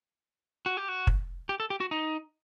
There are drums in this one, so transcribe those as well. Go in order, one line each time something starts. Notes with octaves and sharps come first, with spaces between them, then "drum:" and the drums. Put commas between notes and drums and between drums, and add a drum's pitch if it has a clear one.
F#4
G4
F#4
drum: kick
G4
A4
G4
F#4
D#4